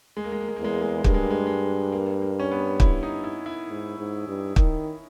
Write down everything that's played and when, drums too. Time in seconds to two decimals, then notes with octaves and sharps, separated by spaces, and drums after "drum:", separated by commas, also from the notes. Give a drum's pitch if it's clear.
0.17 G#3
0.24 A#3
0.32 G#3
0.41 A#3
0.49 G#3
0.56 A#3
0.60 E2 G#3
0.73 A#3
0.81 G#3
0.89 A#3
0.98 G#3
1.04 G2 A#3, drum: kick
1.14 G#3
1.23 A#3
1.31 G#3
1.38 A#3
1.47 G#3
1.92 A#3
2.22 A#3
2.40 C#4
2.51 B3
2.80 E4, drum: kick
3.03 D#4
3.24 E4
3.46 E4
3.68 G#2
3.98 G#2
4.27 G2
4.56 D#3, drum: kick